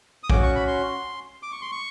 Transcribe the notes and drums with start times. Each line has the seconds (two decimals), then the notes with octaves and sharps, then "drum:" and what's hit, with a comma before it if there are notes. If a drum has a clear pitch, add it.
0.23 D#6
0.30 C#4 F#4 D6, drum: kick A#1
0.43 C#6
0.55 B5
0.67 C6
1.43 D6
1.52 C#6
1.61 C6
1.72 C#6